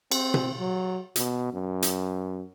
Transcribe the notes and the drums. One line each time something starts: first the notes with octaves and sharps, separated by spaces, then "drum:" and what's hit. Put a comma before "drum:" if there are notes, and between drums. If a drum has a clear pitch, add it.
C4, drum: cymbal
drum: tom B2
F#3
B2, drum: hi-hat
F#2
drum: hi-hat